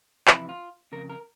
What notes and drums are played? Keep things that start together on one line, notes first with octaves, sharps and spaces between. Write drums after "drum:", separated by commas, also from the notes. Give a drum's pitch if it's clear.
F2 C3 E3 E4, drum: clap
F4
F2 C#3 A#4
A#4